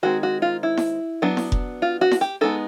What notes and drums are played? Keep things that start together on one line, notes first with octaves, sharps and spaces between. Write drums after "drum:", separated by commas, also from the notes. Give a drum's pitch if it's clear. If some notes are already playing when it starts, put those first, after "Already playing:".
D#3 G#3 C4 F#4
F#4
F4
E4
drum: snare E4
F#3 B3 D4
drum: snare E4
drum: kick F1
F4
F#4
drum: snare E4
G4
G#3 B3 D#4 A4